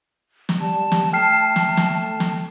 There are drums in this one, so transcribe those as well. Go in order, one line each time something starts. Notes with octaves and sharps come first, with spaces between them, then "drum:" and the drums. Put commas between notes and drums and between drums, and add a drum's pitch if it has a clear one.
drum: snare
G3 A5
drum: snare
A3 G5 F6 C7
drum: snare
drum: snare
drum: snare